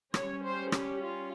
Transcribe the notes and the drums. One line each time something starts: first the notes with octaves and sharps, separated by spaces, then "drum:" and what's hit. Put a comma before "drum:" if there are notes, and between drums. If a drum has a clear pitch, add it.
G3 C#4 C#5, drum: rim click
C5
G4, drum: rim click
F4